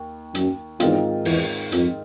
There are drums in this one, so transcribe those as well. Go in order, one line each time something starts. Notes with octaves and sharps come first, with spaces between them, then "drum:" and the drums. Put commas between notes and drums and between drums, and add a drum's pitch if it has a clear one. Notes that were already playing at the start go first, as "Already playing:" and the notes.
Already playing: D#2
F#2, drum: hi-hat
E2 G#2 D#3 G#3 C4 F4, drum: hi-hat
E2, drum: open hi-hat
F2, drum: hi-hat